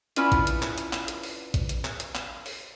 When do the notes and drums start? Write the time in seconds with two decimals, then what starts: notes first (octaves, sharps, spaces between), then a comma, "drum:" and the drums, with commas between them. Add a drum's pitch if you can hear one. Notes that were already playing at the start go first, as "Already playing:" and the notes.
0.16 B3 C#4 D4 E4 F4 B4, drum: hi-hat
0.32 drum: kick, hi-hat
0.47 drum: hi-hat
0.62 drum: clap
0.78 drum: hi-hat
0.93 drum: clap
1.08 drum: hi-hat
1.23 drum: open hi-hat
1.54 drum: kick, hi-hat
1.69 drum: hi-hat
1.85 drum: clap
2.00 drum: hi-hat
2.15 drum: clap
2.46 drum: open hi-hat